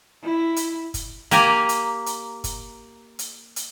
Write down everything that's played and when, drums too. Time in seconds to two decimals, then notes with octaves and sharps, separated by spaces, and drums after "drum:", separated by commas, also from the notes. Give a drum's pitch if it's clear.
0.24 E4
0.56 drum: hi-hat
0.94 drum: kick, hi-hat
1.31 A#3 G4 G#5 A#5, drum: hi-hat
1.69 drum: hi-hat
2.06 drum: hi-hat
2.44 drum: kick, hi-hat
3.19 drum: hi-hat
3.56 drum: hi-hat